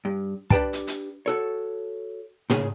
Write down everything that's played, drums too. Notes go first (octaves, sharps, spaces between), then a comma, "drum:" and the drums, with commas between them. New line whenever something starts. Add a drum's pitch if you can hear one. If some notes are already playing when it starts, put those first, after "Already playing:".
G2
D4 G4 B4 G5 A5, drum: kick
drum: hi-hat
drum: hi-hat
F#4 A4 C#5
A#2 C#3 G#4, drum: tom